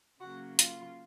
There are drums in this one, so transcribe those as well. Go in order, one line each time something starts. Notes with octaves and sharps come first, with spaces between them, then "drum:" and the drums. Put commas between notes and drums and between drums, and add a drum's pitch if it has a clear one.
C#3 F#3 A#3 F#4
F4, drum: hi-hat